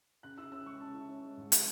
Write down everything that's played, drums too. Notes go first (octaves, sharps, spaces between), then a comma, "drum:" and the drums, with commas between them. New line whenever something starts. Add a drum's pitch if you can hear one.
C#3 F#6
E4 E6
C#4 E6
G#3 C#6
C#3 A5
E4
C#4
G#3
G#2
E4, drum: hi-hat